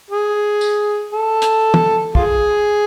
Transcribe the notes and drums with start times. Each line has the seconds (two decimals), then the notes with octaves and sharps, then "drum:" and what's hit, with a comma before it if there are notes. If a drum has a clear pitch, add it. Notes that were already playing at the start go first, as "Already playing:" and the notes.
0.10 G#4
0.61 drum: tambourine
1.12 A4
1.42 drum: hi-hat
1.74 drum: tom
2.15 F4 G#4, drum: kick